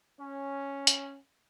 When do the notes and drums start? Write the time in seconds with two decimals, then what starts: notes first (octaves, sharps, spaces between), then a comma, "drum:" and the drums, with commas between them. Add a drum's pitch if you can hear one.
0.20 C#4
0.87 drum: hi-hat